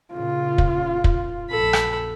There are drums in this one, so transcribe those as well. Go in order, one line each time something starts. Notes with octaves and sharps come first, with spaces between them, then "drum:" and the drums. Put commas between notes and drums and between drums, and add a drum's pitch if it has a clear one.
A#2 C#3 F4
drum: kick
drum: kick
A#1 F#2 A4 B5
drum: rim click